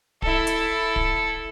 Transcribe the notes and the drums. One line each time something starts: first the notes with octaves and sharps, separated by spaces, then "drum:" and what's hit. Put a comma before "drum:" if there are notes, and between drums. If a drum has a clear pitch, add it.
E4 A4, drum: kick D1
drum: hi-hat
drum: kick D1